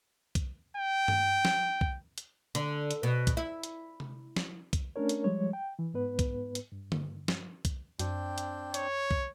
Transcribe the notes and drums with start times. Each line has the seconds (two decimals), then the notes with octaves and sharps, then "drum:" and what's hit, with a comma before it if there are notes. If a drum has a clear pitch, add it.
0.35 drum: kick B1, hi-hat
0.77 G5
1.08 drum: tom G2
1.45 drum: snare
1.81 drum: kick B1
2.18 drum: hi-hat
2.55 D3, drum: hi-hat
2.91 drum: hi-hat
3.03 B2
3.27 drum: kick B1, hi-hat
3.37 E4
3.64 drum: hi-hat
4.00 drum: tom C3
4.36 drum: snare
4.73 drum: kick B1, hi-hat
4.96 A3 C#4 D4 A#4 C#5
5.09 drum: hi-hat
5.24 F3 G3 G#3 C#5
5.53 G5
5.79 E3
5.94 G#2 B3 B4
6.19 drum: kick B1, hi-hat
6.55 drum: hi-hat
6.72 G2
6.92 drum: tom D3
7.28 drum: snare
7.65 drum: kick B1, hi-hat
7.99 F#2 C4 D4 G5, drum: hi-hat
8.38 drum: hi-hat
8.74 C#5, drum: hi-hat
9.11 drum: kick B1